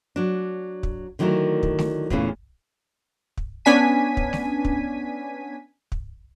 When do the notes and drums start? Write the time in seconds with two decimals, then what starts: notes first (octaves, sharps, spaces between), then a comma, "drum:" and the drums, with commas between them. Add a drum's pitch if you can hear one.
0.16 F#3 D4
0.83 drum: kick
1.19 D3 D#3 F#3 A3 E4 A#4
1.63 drum: kick
1.79 drum: snare A3
2.10 E2 A#2 C#3 E3 A3 C#4, drum: kick
3.37 drum: kick
3.65 B3 C#4 D4 G#5 B6 D#7
4.17 drum: kick
4.33 drum: snare A3
4.65 drum: kick
5.92 drum: kick